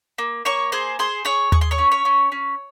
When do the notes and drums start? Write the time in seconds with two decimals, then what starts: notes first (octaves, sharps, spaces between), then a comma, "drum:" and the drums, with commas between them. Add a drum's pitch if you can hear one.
0.18 A#3
0.45 A#3 C#5 C#6
0.72 G#4 C5 C6
0.99 G#4 C5 C6
1.25 G#4 C#5 C#6
1.52 G#4 C#6, drum: tom D#2
1.61 C6
1.71 C#5 C#6
1.78 C#4
1.92 C#5 C#6
2.05 C#4
2.32 C#4